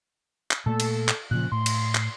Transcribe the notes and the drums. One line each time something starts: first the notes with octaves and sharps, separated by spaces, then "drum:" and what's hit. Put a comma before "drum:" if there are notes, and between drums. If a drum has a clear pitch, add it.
drum: clap
A#2 A3 A4
drum: cymbal
drum: clap
A#2 C#3 F3 F#6
A2 C6
drum: cymbal
drum: clap